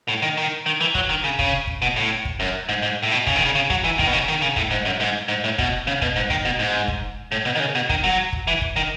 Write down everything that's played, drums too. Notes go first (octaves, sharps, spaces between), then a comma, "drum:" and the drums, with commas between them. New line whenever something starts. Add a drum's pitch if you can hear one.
A2
D#3
D#3
D#3
E3
F#3, drum: kick
D#3
C#3
C#3, drum: kick
drum: kick
B2
A2
drum: kick
F#2
G#2
G#2
A2
B2
C#3, drum: kick
D#3
C#3
C#3
F#3, drum: kick
E3
D#3, drum: kick
B2
C#3
D#3
C#3
A2, drum: kick
G#2
F#2
G#2
G#2
A2
B2, drum: kick
C#3
B2, drum: kick
G#2
D#3, drum: kick
B2
G#2
drum: kick
A2
B2
D#3
C#3
B2
D#3, drum: kick
F#3
drum: kick
E3
drum: kick
D#3